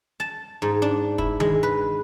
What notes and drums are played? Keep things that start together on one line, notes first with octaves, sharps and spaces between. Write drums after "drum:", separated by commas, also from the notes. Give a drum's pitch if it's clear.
A5
G#2
D4
E4, drum: kick
G#3, drum: tom D#3
B4